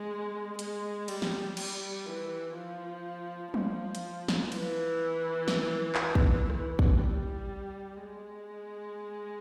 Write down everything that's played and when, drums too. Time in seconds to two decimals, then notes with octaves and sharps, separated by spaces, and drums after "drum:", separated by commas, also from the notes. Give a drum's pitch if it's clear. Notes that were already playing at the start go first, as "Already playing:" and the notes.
Already playing: G#3
0.59 G#3, drum: hi-hat
1.08 G3, drum: cymbal
1.22 drum: snare
1.57 G3, drum: cymbal
2.06 E3
2.55 F3
3.54 F3, drum: tom
3.95 drum: hi-hat
4.28 drum: snare
4.52 E3, drum: cymbal
5.48 drum: snare
5.95 drum: clap
6.15 drum: kick
6.50 E3, drum: rim click
6.79 drum: kick
6.98 G3
7.97 G#3